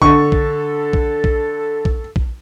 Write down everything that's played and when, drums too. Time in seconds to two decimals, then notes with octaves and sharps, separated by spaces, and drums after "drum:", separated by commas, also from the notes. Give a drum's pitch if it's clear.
0.02 D3 A4 C#6, drum: kick
0.32 drum: kick
0.93 drum: kick
1.24 drum: kick
1.85 drum: kick
2.16 drum: kick